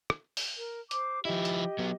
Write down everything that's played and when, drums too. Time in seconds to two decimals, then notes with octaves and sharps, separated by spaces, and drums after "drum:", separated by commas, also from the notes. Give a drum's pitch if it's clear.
0.10 drum: rim click
0.37 drum: open hi-hat
0.57 A#4
0.91 C5 D6, drum: hi-hat
1.25 F3 E4 G4 D#5
1.45 drum: hi-hat
1.79 F#3 B3